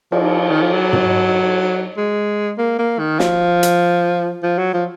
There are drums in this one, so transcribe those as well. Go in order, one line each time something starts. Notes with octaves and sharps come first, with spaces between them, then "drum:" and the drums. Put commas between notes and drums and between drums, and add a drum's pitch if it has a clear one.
F3, drum: cymbal
D#3
F3
F#3
drum: tom
G#3
A#3
A#3
D#3
F3, drum: snare
drum: hi-hat
F3
F#3
F3